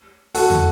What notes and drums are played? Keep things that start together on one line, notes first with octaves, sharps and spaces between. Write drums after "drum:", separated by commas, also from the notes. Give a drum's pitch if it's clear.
F#4 A4, drum: open hi-hat
drum: tom